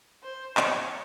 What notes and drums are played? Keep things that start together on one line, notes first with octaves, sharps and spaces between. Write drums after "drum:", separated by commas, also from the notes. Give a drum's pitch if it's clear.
C5
C#5, drum: clap